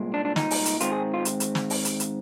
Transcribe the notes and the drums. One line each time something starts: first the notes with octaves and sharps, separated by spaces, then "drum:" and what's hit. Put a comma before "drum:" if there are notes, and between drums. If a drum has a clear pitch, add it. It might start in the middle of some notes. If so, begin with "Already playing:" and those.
Already playing: C2 A#2 G#3 C4
D4
D4
D#4, drum: snare
drum: open hi-hat
drum: hi-hat
G#2 D#3 G#3 C4 F4, drum: hi-hat
G#4
F4
drum: hi-hat
drum: hi-hat
drum: snare
drum: open hi-hat
drum: hi-hat
drum: hi-hat